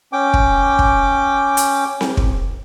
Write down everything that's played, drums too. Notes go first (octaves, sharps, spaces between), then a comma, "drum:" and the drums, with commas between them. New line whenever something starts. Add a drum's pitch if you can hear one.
C#4 G5 D6
drum: kick
drum: kick
drum: hi-hat
drum: snare C4
drum: kick